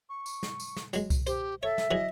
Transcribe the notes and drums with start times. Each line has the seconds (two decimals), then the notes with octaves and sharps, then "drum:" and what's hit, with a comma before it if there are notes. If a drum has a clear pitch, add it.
0.09 C#6
0.26 drum: tambourine
0.43 drum: snare
0.60 drum: tambourine
0.77 drum: snare
0.93 F#3 G#3, drum: tambourine
1.10 drum: kick C2, tambourine
1.27 G4 C5, drum: tambourine
1.63 A4 C#5 E5
1.78 drum: snare
1.91 E3 F#3 G#4 D#5